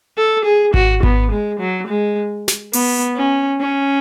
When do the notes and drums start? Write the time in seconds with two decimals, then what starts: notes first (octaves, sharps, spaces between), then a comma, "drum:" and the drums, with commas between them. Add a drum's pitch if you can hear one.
0.17 A4
0.45 G#4
0.74 F#4, drum: kick G#1
1.03 B3, drum: kick G#1
1.32 G#3
1.60 F#3
1.88 G#3
2.48 drum: snare
2.73 B3, drum: open hi-hat
3.17 C#4
3.60 C#4